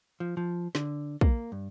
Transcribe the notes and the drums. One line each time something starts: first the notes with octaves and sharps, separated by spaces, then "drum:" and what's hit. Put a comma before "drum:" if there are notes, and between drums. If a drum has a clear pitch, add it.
F3
F3
D3, drum: snare
A#3, drum: kick
G2